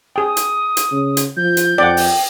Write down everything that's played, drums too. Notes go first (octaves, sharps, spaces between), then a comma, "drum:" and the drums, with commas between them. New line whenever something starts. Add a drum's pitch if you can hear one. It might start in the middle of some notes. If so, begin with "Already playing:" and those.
G#4 G5 D#6
drum: hi-hat
drum: hi-hat
C#3
drum: hi-hat
F3 G6
drum: hi-hat
F2 D5 F#5 G5
drum: open hi-hat